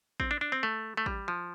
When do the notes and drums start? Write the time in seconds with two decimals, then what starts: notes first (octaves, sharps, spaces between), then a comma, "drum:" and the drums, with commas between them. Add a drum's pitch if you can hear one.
0.20 C4, drum: kick A1
0.31 D4
0.41 D4
0.52 C4
0.63 A3
0.97 A3
1.06 G3, drum: kick A1
1.28 F3